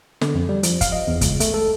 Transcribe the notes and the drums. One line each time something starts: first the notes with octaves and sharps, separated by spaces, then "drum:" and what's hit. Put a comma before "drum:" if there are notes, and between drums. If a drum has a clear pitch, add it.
D3, drum: snare
F2
G3
F3, drum: hi-hat
F5, drum: kick, hi-hat
D#5
E2
C#2, drum: kick, hi-hat
A3, drum: hi-hat
A4